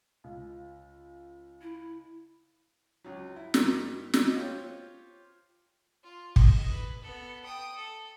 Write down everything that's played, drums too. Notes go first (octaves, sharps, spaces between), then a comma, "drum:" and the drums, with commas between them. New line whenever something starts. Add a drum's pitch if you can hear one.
C#2
E4
C#2 F#3
E4
G2 D#4 A#4, drum: snare
D#5, drum: snare
F4 G4 C5 C#5
F4
D#5, drum: kick
B4
B3 A4
G5 D#6
A4